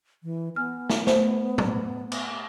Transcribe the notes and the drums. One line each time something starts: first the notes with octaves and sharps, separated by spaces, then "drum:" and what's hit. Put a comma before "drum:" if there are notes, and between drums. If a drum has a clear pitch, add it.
E3
B3 G#5 F6
drum: snare
A3 C5, drum: snare
drum: tom
drum: cymbal